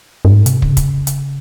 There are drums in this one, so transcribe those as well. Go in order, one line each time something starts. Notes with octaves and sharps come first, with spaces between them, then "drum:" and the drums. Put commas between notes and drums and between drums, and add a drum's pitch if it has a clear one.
G2
G#2
C3, drum: hi-hat
C#3, drum: kick
drum: kick, hi-hat
drum: hi-hat